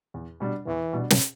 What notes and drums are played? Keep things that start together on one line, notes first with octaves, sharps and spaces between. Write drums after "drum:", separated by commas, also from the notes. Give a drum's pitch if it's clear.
E2
B2 G3 D4
E2 E3
B2 G3 D4
drum: snare